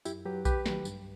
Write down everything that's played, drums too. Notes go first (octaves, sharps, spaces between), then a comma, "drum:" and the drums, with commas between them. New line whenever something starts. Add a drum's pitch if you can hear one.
F#2 E4 G4, drum: tambourine
F#3 G4 B4
D#2 G4 B4, drum: kick A#1, tambourine
D#3 F#3, drum: snare
G2, drum: tambourine